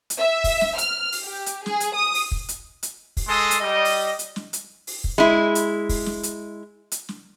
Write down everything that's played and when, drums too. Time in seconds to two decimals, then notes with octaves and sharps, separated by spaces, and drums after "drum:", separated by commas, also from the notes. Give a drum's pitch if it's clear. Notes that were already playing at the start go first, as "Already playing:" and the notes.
0.10 drum: hi-hat
0.19 E5
0.44 drum: kick, open hi-hat
0.61 drum: snare
0.78 F6, drum: hi-hat
1.12 drum: open hi-hat
1.25 G4
1.46 drum: hi-hat
1.66 G#4, drum: snare
1.80 drum: hi-hat
1.95 D#6
2.14 drum: open hi-hat
2.31 drum: kick
2.49 drum: hi-hat
2.83 drum: hi-hat
3.17 drum: kick, open hi-hat
3.28 G#3 A4 C6 D#6
3.51 drum: hi-hat
3.61 G3 D#5
3.85 drum: open hi-hat
4.19 drum: hi-hat
4.36 drum: snare
4.53 drum: hi-hat
4.87 drum: open hi-hat
5.04 drum: kick
5.18 G#3 E4
5.55 drum: hi-hat
5.89 drum: kick, open hi-hat
6.06 drum: snare
6.23 drum: hi-hat
6.92 drum: hi-hat
7.09 drum: snare